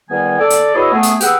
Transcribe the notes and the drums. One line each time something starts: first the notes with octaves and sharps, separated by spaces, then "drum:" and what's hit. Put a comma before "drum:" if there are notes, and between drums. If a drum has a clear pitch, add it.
E2 D#3 G3 B3 G#5
A4 D5
drum: hi-hat
B2 E4 G#4 C#5 D#5 E6
A3 B3 G#4
drum: hi-hat
G4 G#4 B4 F#5 G5 E6, drum: hi-hat